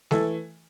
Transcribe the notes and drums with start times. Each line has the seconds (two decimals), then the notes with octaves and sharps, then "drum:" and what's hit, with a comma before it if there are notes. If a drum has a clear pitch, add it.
0.11 E3 A3 E4 A4, drum: snare G#3